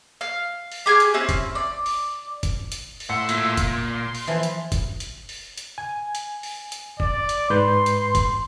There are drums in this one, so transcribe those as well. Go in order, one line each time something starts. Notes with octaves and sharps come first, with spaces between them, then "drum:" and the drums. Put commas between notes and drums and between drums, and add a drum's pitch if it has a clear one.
F5
drum: open hi-hat
G4 G#4 G#5 F6
drum: hi-hat
C4 C#4 E4
drum: kick, hi-hat
D5
drum: open hi-hat
drum: kick, hi-hat
drum: hi-hat
drum: open hi-hat
A2 E5 F#5 C6
A#2, drum: hi-hat
drum: kick, hi-hat
C6
drum: open hi-hat
E3 F3
drum: hi-hat
drum: kick, hi-hat
drum: hi-hat
drum: open hi-hat
drum: hi-hat
G#5
drum: hi-hat
drum: open hi-hat
drum: hi-hat
D5, drum: kick
drum: hi-hat
G#2 B4 C6 G6
drum: hi-hat
drum: kick, hi-hat